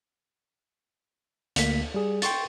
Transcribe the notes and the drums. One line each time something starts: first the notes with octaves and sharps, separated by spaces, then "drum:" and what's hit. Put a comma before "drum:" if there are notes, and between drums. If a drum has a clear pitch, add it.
D2 A#3 B6, drum: hi-hat
G3 G#4
G5 C6 C#6 A6, drum: hi-hat